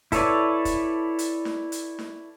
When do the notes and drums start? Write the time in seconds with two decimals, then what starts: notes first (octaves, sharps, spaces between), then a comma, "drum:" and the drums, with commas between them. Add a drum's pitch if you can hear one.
0.12 E4 A4 B4 C#5 D5, drum: kick, hi-hat
0.65 drum: kick, hi-hat
1.19 drum: hi-hat
1.45 drum: snare
1.72 drum: hi-hat
1.99 drum: snare